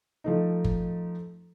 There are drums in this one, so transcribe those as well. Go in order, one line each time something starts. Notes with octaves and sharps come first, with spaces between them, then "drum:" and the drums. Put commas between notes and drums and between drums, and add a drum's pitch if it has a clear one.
F3 A3 D#4
drum: kick G1